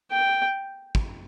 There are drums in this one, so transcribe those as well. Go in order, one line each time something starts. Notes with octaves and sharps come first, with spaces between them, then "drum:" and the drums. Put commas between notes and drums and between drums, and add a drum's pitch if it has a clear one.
G5
drum: kick